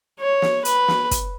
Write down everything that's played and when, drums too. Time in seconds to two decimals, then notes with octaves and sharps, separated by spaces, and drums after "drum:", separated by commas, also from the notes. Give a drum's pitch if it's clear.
0.20 C#5
0.42 drum: snare
0.65 B4, drum: hi-hat
0.88 drum: snare
1.11 drum: kick, hi-hat